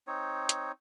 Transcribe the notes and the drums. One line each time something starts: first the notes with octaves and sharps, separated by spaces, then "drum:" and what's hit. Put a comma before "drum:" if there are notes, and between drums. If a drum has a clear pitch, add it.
C4 D#4 C#5
drum: hi-hat